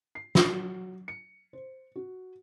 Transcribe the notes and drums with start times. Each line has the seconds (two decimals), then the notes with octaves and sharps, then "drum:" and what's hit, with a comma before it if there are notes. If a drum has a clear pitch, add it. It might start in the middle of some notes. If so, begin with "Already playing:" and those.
0.15 C7
0.35 B5, drum: snare
0.50 F#3
1.08 C#7
1.53 C5
1.96 F#4